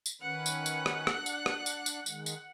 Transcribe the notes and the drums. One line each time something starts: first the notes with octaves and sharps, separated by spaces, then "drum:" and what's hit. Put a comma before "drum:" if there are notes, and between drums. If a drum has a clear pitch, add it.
drum: tambourine
D#3 C#4 B4 F#5
drum: tambourine
drum: tambourine
drum: rim click
D4 F#6, drum: rim click
drum: tambourine
drum: rim click
drum: tambourine
drum: tambourine
D#3 G#3, drum: tambourine
drum: tambourine